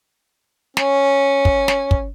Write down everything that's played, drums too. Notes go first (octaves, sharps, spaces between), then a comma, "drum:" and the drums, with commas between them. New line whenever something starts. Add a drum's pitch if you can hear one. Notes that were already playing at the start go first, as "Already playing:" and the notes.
C#4, drum: snare
drum: kick
drum: snare
drum: kick